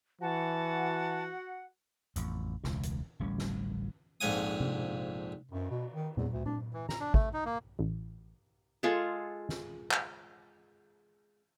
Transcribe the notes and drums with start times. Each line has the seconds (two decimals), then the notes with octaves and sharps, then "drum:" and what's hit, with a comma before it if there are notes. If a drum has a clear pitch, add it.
0.22 E3 F#4 F#5 A5
2.16 A1 F2, drum: hi-hat
2.64 E1 C#2, drum: snare
2.83 drum: hi-hat
3.20 D1 A1 G3 C#4
3.38 drum: snare
4.21 A#1 F2 G#2 F#5 G#5 D#6
4.60 drum: tom C3
5.51 F#2, drum: cymbal
5.71 B2
5.94 D#3
6.17 E2, drum: tom A#2
6.33 D2
6.46 D4, drum: tom A#2
6.73 E3
6.89 A#5, drum: snare
7.00 D4
7.14 A3, drum: kick
7.33 D#4
7.46 A#3
7.79 A1
8.83 G#3 F4 G#4 A4
9.49 drum: snare
9.91 drum: clap